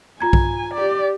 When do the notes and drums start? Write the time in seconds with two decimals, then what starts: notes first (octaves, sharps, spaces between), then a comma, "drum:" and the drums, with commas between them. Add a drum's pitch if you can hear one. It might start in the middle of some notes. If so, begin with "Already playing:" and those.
0.20 F4 G#5 A#5 G#6
0.33 drum: kick B1
0.74 G4 D5